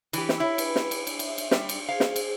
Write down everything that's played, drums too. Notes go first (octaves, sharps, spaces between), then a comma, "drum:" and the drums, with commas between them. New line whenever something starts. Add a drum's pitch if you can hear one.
E3 G4, drum: cymbal
drum: snare
E4 C#5
B4, drum: cymbal
drum: snare
drum: cymbal
drum: cymbal
E5, drum: cymbal
drum: cymbal
G3, drum: snare
drum: cymbal
G#4 C5 F5
drum: snare
drum: cymbal